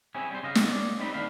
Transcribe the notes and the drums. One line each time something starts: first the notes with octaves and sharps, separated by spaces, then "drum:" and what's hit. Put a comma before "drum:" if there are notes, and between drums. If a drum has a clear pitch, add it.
C4 C#4 E4 G#4
G3 C5
C#3 D#5 F5
drum: snare
D5
G3 C4 D#4 B5
D#3 D4 F5 B5